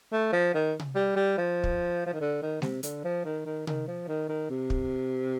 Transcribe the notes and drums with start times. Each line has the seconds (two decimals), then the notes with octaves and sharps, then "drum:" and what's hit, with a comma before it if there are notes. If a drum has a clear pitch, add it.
0.12 A3
0.33 F3
0.54 D#3
0.79 drum: tom C3
0.95 G3
1.16 G3
1.38 F3
1.64 drum: kick
2.06 F3
2.13 D#3
2.21 D3
2.42 D#3
2.62 C3, drum: snare G#3
2.83 D3, drum: hi-hat
3.04 F3
3.25 D#3
3.46 D#3
3.67 D#3, drum: tom C3
3.88 F3
4.08 D#3
4.29 D#3
4.50 C3
4.70 drum: kick